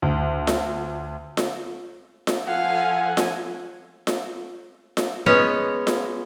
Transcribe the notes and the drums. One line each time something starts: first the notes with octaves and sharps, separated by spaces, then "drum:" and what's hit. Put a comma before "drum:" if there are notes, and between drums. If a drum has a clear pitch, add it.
D2
drum: snare F4
drum: snare F4
drum: snare F4
F3 A4 F5 F#5 G#5
drum: snare F4
drum: snare F4
drum: snare F4
G#3 B3 C#4 C#5
drum: snare F4